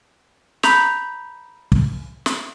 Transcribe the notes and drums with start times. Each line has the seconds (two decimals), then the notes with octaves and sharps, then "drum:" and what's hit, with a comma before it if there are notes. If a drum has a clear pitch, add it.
0.63 A#5 B5 G6 B6 F7, drum: snare
1.72 drum: kick
2.26 drum: snare